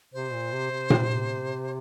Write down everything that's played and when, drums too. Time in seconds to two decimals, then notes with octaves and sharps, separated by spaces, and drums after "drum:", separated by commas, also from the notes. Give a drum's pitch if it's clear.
0.13 C3 C5
0.33 A#2
0.52 C3
0.71 C3
0.90 drum: tom A#2